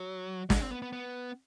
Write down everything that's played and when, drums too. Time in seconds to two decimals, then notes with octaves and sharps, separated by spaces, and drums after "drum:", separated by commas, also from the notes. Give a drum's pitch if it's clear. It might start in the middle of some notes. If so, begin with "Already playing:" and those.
Already playing: F#3
0.50 G#3, drum: snare
0.61 C4
0.71 B3
0.82 B3
0.93 B3